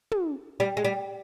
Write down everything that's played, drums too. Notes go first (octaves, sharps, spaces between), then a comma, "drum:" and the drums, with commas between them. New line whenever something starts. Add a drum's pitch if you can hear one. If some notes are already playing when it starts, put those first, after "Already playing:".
drum: tom
G3
G#3
G3